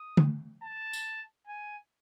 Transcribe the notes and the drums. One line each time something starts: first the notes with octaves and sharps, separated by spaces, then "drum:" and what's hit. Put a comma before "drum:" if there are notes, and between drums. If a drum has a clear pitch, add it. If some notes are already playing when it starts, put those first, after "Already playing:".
Already playing: D#6
drum: tom D3
A5
drum: tambourine
G#5